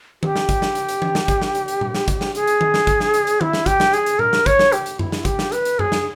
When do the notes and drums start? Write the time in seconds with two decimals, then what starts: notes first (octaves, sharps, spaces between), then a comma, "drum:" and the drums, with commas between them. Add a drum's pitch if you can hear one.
0.23 G4, drum: tom D#3
0.36 drum: snare
0.49 drum: kick, hi-hat
0.62 drum: snare
0.75 drum: hi-hat
0.89 drum: hi-hat
1.02 drum: tom E3
1.15 drum: snare
1.28 drum: kick, hi-hat
1.42 drum: snare
1.55 drum: hi-hat
1.68 drum: hi-hat
1.81 drum: tom A#2
1.95 drum: snare
2.08 drum: kick, hi-hat
2.21 drum: snare
2.35 G#4, drum: hi-hat
2.47 drum: hi-hat
2.61 drum: tom D#3
2.74 drum: snare
2.87 drum: kick, hi-hat
3.00 drum: snare
3.14 drum: hi-hat
3.27 drum: hi-hat
3.41 E4, drum: tom D#3
3.53 drum: snare
3.66 G4, drum: kick, hi-hat
3.80 drum: snare
3.93 G#4, drum: hi-hat
4.06 drum: hi-hat
4.19 A#4, drum: tom A#2
4.33 drum: snare
4.46 C#5, drum: kick, hi-hat
4.59 drum: snare
4.72 G4, drum: hi-hat
4.86 drum: hi-hat
4.99 E4, drum: tom F#2
5.12 drum: snare
5.25 G4, drum: kick, hi-hat
5.39 drum: snare
5.52 B4, drum: hi-hat
5.65 drum: hi-hat
5.79 G#4, drum: tom F#2
5.92 drum: snare